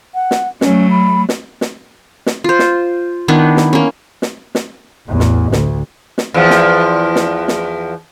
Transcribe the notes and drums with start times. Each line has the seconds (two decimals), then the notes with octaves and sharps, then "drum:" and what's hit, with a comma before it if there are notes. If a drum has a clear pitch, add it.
0.15 F#5
0.31 drum: snare
0.61 F#3 A3 C#4, drum: snare
0.90 B5
1.29 drum: snare
1.61 drum: snare
2.26 drum: snare
2.44 F4 C5
2.59 drum: snare
3.28 D#3 B3 D4 E4
3.57 drum: snare
3.73 A#3 C#4
4.22 drum: snare
4.55 drum: snare
5.08 A1 E2
5.20 drum: snare
5.52 D2, drum: snare
6.18 drum: snare
6.34 E2 F3
6.50 drum: snare
7.16 drum: snare
7.48 drum: snare